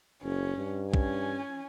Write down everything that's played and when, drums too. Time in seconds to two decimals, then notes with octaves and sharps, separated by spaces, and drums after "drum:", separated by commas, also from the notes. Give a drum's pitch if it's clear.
0.23 F#1 C#4
0.57 G2
0.94 C#4 G#5, drum: kick B1